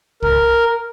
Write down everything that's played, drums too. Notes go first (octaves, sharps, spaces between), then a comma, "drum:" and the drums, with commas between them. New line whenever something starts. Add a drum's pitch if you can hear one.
A#4, drum: kick